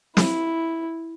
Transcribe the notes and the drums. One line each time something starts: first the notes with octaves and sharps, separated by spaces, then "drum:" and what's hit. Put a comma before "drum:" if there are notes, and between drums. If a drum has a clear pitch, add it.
E4, drum: snare